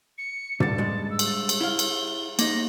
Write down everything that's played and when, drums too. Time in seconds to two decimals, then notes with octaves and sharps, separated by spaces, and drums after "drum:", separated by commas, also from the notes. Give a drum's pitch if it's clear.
0.18 C#7
0.60 G2 D3 A5, drum: tom
0.78 G2 G#3
1.10 E6
1.19 drum: cymbal
1.49 drum: cymbal
1.61 E4 F5 G7
1.79 drum: cymbal
2.39 A#3 D#4 A#6, drum: cymbal